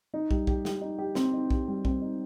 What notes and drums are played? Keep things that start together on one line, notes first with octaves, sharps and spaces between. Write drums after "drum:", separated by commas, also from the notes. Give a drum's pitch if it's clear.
D#4
G3, drum: kick
G4, drum: kick
G4, drum: snare
D#4
G4
C4, drum: snare
D#4
G4, drum: kick
G3
C4, drum: kick
D#4